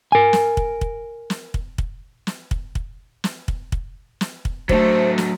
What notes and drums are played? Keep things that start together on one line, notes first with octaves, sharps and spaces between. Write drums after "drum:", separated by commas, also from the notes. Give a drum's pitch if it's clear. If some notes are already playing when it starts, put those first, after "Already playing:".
A#4 G#5
drum: snare
drum: kick
drum: kick
drum: snare
drum: kick
drum: kick
drum: snare
drum: kick
drum: kick
drum: snare
drum: kick
drum: kick
drum: snare
drum: kick
F#3 A3 D4 C5, drum: kick
drum: snare